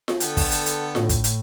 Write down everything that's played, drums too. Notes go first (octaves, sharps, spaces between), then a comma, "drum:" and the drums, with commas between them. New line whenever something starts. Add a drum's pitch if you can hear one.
drum: snare F4
D3 B3 A4 G5, drum: hi-hat
drum: kick, open hi-hat
drum: hi-hat
drum: hi-hat
A2, drum: snare F4
drum: kick, hi-hat
drum: hi-hat